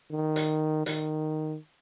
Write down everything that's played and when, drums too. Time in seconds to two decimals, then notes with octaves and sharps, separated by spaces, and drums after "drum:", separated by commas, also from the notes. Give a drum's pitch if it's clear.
0.11 D#3
0.36 drum: hi-hat
0.86 D#3, drum: hi-hat